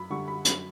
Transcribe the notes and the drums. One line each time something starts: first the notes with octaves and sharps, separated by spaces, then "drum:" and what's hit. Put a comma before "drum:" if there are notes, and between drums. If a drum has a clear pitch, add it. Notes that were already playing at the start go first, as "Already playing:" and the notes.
Already playing: F#2 B5
D3 G3 C#6
B5
F#2 B5, drum: hi-hat